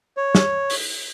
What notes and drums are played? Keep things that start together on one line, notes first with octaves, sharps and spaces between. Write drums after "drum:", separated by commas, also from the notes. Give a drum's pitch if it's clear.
C#5
drum: snare
drum: open hi-hat